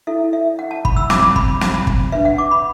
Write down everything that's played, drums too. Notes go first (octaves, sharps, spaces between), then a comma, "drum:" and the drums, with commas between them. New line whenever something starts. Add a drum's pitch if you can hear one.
E4 A4 E5
E5
F#5
A5
B5, drum: kick
E6
D6, drum: snare
B5, drum: kick
drum: snare
drum: kick
D4 B4 E5
F#5
D6
B5